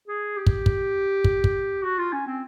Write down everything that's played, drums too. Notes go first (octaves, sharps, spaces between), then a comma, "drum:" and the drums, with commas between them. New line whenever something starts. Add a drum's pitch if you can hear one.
G#4
G4
drum: kick
drum: kick
drum: kick
drum: kick
F#4
F4
C#4
C4